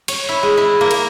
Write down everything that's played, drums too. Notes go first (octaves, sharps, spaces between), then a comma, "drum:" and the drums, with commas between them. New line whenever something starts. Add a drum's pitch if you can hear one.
C#5, drum: cymbal
E4
G#3
E4
A#3
drum: cymbal